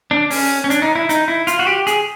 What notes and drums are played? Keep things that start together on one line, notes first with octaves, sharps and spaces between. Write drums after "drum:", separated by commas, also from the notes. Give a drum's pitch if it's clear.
D4
C#4, drum: open hi-hat
C#4
D4, drum: hi-hat
D#4
E4
D#4, drum: hi-hat
E4
F4, drum: hi-hat
F#4
G4
G#4, drum: hi-hat